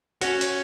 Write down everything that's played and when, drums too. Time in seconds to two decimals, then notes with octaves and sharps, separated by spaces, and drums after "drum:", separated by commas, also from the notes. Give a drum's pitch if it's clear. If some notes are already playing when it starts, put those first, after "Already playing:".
0.21 C#4 F#4, drum: hi-hat
0.41 drum: hi-hat